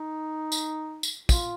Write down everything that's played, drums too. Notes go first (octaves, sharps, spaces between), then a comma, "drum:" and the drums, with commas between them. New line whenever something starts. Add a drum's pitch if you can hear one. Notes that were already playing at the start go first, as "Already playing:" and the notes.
Already playing: D#4
drum: tambourine
drum: tambourine
F4, drum: kick, tambourine